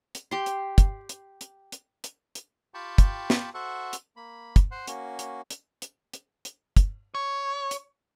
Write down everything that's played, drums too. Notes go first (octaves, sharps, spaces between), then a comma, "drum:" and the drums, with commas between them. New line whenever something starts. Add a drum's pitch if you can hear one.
drum: hi-hat
G4 C6
drum: hi-hat
drum: kick, hi-hat
drum: hi-hat
drum: hi-hat
drum: hi-hat
drum: hi-hat
drum: hi-hat
F4 G4 G5 A5 B5 C#6
drum: kick, hi-hat
drum: snare
F#4 A4 C5 E5 F#5 C#6
drum: hi-hat
A#3 B5
drum: kick, hi-hat
C5 F#5 C6
A#3 C#4 F#4, drum: hi-hat
drum: hi-hat
drum: hi-hat
drum: hi-hat
drum: hi-hat
drum: hi-hat
drum: kick, hi-hat
C#5
drum: hi-hat